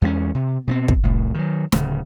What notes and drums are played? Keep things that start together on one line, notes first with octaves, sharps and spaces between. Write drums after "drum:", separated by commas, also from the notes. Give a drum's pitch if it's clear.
E2 G#3 B3 C#4
C3
B2 B3 C4
drum: kick
C2 A2
D#3 F#3
D1 C#3, drum: snare